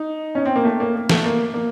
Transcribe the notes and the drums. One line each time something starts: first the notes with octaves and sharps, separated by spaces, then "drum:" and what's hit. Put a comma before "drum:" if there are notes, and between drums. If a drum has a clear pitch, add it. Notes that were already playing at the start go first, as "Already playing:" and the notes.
Already playing: D#4
C#4
C4
A#3
A3
A#3
A#3
A3, drum: snare
A#3
A#3